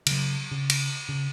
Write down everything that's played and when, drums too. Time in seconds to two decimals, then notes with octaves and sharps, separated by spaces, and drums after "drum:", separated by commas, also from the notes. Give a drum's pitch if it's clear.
0.07 C#3 F#3, drum: cymbal
0.51 C#3
0.70 drum: cymbal
1.09 C#3